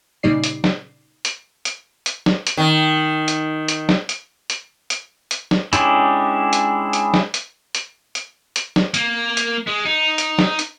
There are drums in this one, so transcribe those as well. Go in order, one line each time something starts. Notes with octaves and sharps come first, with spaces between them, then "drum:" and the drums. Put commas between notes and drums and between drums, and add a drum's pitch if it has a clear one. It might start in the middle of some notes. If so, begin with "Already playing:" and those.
A#2 C#3 G3 D#4 D5 C7
drum: hi-hat
drum: snare
drum: hi-hat
drum: hi-hat
drum: hi-hat
drum: snare
drum: hi-hat
D#3
drum: hi-hat
drum: hi-hat
drum: snare
drum: hi-hat
drum: hi-hat
drum: hi-hat
drum: hi-hat
drum: snare
G#3 C#4 D4 E4 G4, drum: hi-hat
drum: hi-hat
drum: hi-hat
drum: snare
drum: hi-hat
drum: hi-hat
drum: hi-hat
drum: hi-hat
drum: snare
A#3, drum: hi-hat
drum: hi-hat
G#3
D#4
drum: hi-hat
drum: snare
drum: hi-hat